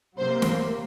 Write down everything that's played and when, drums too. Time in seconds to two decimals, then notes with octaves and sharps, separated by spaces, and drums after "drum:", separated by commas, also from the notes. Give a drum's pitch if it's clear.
0.17 C3 F#3 A#3 C5
0.42 drum: snare